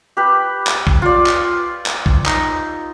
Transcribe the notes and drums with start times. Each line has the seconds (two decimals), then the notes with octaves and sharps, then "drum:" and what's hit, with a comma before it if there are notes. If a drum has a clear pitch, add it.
0.17 G4 B4
0.67 drum: clap
0.87 drum: kick B1
1.02 F4 D5
1.26 drum: clap
1.86 drum: clap
2.06 drum: kick B1
2.26 D#4, drum: clap